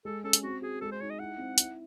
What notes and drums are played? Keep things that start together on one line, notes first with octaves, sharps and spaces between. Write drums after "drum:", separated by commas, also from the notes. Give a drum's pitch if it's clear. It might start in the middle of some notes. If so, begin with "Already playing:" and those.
G#3 A4
C#4 A4
drum: hi-hat
C4 F#4
F#4 G#4
G#3 A4
C5
D#4 C#5
D#5
E4 F#5
C4
E4, drum: hi-hat